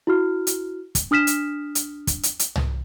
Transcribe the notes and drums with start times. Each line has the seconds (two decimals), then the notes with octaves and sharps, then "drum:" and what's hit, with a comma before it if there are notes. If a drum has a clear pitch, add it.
0.07 E4 F#4 F6
0.47 drum: hi-hat
0.95 drum: kick, hi-hat
1.11 D4 D#6 F6 B6 E7
1.27 drum: hi-hat
1.75 drum: hi-hat
2.07 drum: kick, hi-hat
2.23 drum: hi-hat
2.39 drum: hi-hat
2.56 drum: tom